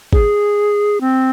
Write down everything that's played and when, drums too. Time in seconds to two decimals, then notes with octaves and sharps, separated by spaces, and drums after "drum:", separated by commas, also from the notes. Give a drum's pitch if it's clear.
0.13 G#4, drum: kick
1.01 C4